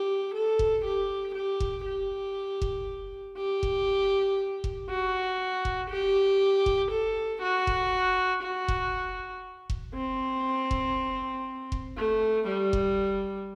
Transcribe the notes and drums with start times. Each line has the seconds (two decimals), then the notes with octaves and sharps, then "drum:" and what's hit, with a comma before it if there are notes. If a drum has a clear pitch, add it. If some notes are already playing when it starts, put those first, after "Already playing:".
Already playing: G4
0.34 A4
0.59 drum: kick F1
0.85 G4
1.35 G4
1.60 drum: kick F1
1.86 G4
2.62 drum: kick F1
3.37 G4
3.63 drum: kick F1
4.64 drum: kick F1
4.89 F#4
5.65 drum: kick F1
5.90 G4
6.66 drum: kick F1
6.91 A4
7.42 F#4
7.67 drum: kick F1
8.43 F#4
8.68 drum: kick F1
9.70 drum: kick F1
9.95 C4
10.71 drum: kick F1
11.72 drum: kick F1
11.97 A3
12.48 G3
12.73 drum: kick F1